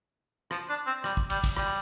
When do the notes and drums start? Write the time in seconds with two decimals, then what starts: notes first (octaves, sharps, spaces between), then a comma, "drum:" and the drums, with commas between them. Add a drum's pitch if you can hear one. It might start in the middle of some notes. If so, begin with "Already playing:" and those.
0.51 F3, drum: rim click
0.69 D4
0.87 C4
1.04 G3, drum: rim click
1.17 drum: kick
1.30 G3, drum: cymbal
1.44 drum: kick, cymbal
1.57 G3, drum: rim click